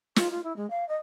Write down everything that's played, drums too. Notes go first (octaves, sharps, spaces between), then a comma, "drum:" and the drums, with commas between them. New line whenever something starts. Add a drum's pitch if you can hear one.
F4, drum: snare
F4
E4
G#3
F5
D#5